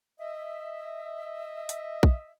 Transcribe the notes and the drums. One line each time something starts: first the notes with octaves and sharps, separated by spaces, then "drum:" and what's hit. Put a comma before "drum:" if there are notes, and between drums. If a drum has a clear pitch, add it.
D#5 E5
drum: hi-hat
drum: kick